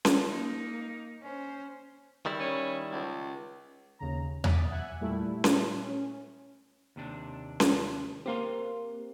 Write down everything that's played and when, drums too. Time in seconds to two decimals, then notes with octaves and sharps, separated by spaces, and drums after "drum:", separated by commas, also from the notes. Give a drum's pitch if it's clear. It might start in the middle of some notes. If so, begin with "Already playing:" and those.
0.05 drum: snare C#4
0.29 A#3 D#4
1.22 C#4 C5
2.26 D#3 G3 E4
2.40 C#4
2.92 C#2
3.99 D#2 C#3 A#5
4.44 D6 D#6 A6 B6, drum: tom E2
4.70 E5 F#5 G#5 F#6 G#6
5.00 A#2 G3 A3 E4
5.44 drum: snare C#4
5.82 C#4
6.96 D#2 C3 D4
7.60 drum: snare C#4
8.26 A#3 C4 G4 F5 C6